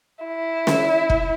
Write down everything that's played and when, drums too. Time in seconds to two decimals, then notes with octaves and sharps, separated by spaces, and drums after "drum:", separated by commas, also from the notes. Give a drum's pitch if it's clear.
0.24 E4
0.67 drum: snare
1.10 drum: kick F1